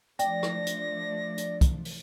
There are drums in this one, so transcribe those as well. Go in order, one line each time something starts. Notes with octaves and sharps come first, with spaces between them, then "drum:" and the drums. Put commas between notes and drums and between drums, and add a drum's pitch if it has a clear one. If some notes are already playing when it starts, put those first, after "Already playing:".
F3 A3 D4 D5 G5 A#6, drum: hi-hat
drum: rim click
drum: hi-hat
drum: hi-hat
drum: kick, hi-hat
drum: open hi-hat